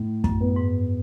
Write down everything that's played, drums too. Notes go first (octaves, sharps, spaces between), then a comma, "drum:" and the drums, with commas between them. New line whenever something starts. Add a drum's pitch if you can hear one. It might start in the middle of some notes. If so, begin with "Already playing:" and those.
Already playing: A2
F#2, drum: kick
B3
G#2